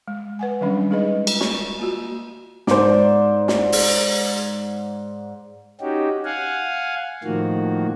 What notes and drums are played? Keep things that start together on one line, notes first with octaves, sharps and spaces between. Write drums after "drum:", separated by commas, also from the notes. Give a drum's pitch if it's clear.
G#3
B4 F#5 G#5
D#3 F#3 G3 C#4 D4
G#3 D#4 G#4 B4 D#5
drum: cymbal
C#6, drum: snare
A#3 F4 F#4
G#2 C5 D5, drum: snare
drum: snare
drum: open hi-hat
C#4 D#4 F#4 G4
F5 F#5 G#5
A2 D#3 F3 A#3 F#4